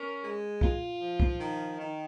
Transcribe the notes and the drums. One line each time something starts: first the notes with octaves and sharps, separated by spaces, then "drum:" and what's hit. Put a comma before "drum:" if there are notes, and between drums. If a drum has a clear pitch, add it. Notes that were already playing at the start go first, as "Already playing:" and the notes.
Already playing: C#4 A#4
G#3
F4, drum: kick
F3
drum: kick
D#3
D#3